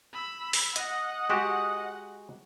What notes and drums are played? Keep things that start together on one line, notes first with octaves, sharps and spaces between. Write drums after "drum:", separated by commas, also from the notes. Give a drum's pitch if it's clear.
B5 E6
drum: open hi-hat
D#5 F#5, drum: hi-hat
G#3 F#4 G4